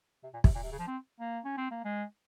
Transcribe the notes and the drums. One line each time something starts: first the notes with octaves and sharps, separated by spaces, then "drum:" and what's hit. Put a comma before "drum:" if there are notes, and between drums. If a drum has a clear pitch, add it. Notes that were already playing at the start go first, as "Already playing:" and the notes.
C3
A#2
C3, drum: kick
A#2
C3
C#3
F3
C4
A#3
C#4
C4
A#3
G#3